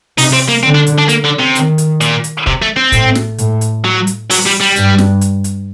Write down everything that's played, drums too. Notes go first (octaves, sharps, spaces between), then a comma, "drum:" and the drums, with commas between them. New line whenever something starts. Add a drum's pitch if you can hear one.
C3 D#4, drum: open hi-hat
C4
A#3
D3 C4
D4
drum: hi-hat
D4
A#3, drum: hi-hat
D3
C3
D#3, drum: hi-hat
drum: hi-hat
A#2, drum: hi-hat
drum: hi-hat
C3, drum: kick
A3
C4
A2, drum: kick, hi-hat
drum: snare
A2, drum: hi-hat
drum: hi-hat
F#3
drum: hi-hat
F#3, drum: open hi-hat
G3
G3
G2, drum: hi-hat
drum: snare
drum: hi-hat
drum: hi-hat